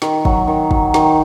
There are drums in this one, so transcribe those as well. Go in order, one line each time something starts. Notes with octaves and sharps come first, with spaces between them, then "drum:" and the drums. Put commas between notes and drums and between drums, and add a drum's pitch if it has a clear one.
D#3, drum: snare
F#3, drum: kick
D#3
F#3, drum: kick
D#3, drum: snare